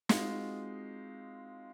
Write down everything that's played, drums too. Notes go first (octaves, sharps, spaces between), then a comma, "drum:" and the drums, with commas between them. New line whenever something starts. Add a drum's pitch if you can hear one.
G#3 C4 D#4 F4 F#4, drum: snare